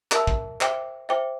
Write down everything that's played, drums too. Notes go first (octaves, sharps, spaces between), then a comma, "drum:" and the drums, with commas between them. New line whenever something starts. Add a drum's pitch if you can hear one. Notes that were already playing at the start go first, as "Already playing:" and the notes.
A#4 E5 A5 E6, drum: clap
drum: kick
C5 E5 G5 D6, drum: clap
C5 E5 G5 D6